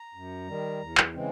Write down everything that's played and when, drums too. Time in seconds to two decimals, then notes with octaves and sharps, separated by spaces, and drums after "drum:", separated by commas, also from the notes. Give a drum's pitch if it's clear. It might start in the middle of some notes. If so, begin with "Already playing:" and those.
Already playing: A#5
0.14 F#2
0.48 D#3 G3
0.82 E2
0.98 drum: clap
1.14 C#3 E3 G#3 C4